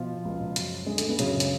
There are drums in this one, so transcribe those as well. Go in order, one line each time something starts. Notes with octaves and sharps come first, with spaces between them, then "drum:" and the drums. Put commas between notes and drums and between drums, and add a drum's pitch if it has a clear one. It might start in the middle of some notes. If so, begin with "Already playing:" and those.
Already playing: B2 F3 F4
C#2
F#2, drum: hi-hat
D3 G#3
A3, drum: hi-hat
B3
F#2 C#3 C#4, drum: hi-hat
drum: hi-hat